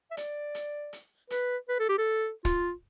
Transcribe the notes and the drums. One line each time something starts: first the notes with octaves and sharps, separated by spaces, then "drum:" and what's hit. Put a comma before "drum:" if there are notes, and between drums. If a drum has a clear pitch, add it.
E5
D5, drum: hi-hat
drum: hi-hat
drum: hi-hat
B4, drum: hi-hat
B4
A4
G4
A4
F4, drum: kick, hi-hat